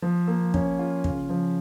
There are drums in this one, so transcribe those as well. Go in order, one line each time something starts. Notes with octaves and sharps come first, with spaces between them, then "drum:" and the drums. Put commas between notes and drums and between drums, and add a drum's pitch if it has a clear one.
F3
A#3
C#4, drum: kick
F4
C#3, drum: kick
F3